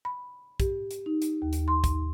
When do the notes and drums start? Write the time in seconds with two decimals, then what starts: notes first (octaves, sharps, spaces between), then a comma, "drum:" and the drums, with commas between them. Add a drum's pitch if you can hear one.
0.05 B5
0.60 G4, drum: kick, hi-hat
0.91 drum: hi-hat
1.06 D#4
1.22 drum: hi-hat
1.42 D#2
1.53 drum: hi-hat
1.68 C6
1.84 drum: kick, hi-hat